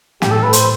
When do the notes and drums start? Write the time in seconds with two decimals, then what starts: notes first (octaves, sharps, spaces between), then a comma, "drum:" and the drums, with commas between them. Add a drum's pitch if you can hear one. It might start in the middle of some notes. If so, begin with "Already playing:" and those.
0.22 A2 G4, drum: snare
0.31 A4
0.43 B4
0.53 C5, drum: hi-hat